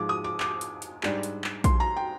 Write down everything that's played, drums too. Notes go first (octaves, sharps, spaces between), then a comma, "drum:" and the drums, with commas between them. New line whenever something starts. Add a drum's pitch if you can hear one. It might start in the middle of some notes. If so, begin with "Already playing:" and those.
Already playing: G#2 F3 G#3 D6
D#6
D6
D6, drum: clap
drum: hi-hat
drum: hi-hat
G#2 G3 D4, drum: clap
drum: hi-hat
drum: clap
C6, drum: kick A#1, hi-hat
A#5
G5